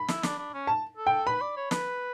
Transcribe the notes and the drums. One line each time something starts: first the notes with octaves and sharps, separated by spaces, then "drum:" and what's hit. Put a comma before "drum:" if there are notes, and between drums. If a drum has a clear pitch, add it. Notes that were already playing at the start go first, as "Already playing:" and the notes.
Already playing: B5
E4, drum: snare
D4, drum: snare
D4
C#4
A5
A4
G5
B4 B5
D5
C#5
B4, drum: snare